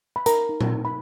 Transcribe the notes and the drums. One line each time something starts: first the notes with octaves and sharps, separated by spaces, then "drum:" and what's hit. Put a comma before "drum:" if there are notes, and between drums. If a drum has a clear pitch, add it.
B5
A#4 A#5, drum: hi-hat
D#4
drum: tom A#2
D#4
B5